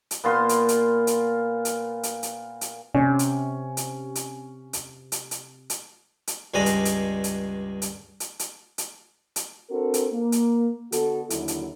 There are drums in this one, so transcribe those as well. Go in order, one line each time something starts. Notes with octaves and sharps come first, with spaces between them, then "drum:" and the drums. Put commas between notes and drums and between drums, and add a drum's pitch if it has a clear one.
drum: hi-hat
A#2 B3 F4 C6
drum: hi-hat
drum: hi-hat
drum: hi-hat
drum: hi-hat
drum: hi-hat
drum: hi-hat
drum: hi-hat
C3 C#4
drum: hi-hat
drum: hi-hat
drum: hi-hat
drum: hi-hat
drum: hi-hat
drum: hi-hat
drum: hi-hat
drum: hi-hat
C#2 G2 G#3 D4 G#5 A#5
drum: hi-hat
drum: hi-hat
drum: hi-hat
drum: hi-hat
drum: hi-hat
drum: hi-hat
drum: hi-hat
drum: hi-hat
C4 D4 F#4 A4 A#4
drum: hi-hat
A#3
drum: hi-hat
D3 B3 F#4 A4, drum: hi-hat
D#2 D3 F#3 E4, drum: hi-hat
drum: hi-hat